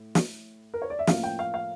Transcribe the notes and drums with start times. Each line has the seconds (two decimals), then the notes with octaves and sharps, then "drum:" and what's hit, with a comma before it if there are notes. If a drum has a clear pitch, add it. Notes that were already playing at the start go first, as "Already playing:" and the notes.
Already playing: A2
0.15 drum: snare
0.74 A#4
0.82 C#5
0.90 D5
0.99 E5
1.07 A2 F3 A#3 C#4 F5, drum: snare
1.24 G5
1.39 F5
1.54 F5